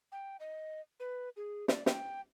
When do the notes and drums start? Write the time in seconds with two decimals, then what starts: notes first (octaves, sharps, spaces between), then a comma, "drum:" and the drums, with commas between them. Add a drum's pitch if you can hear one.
0.12 G5
0.40 D#5
1.00 B4
1.36 G#4
1.68 D5, drum: snare
1.86 G5, drum: snare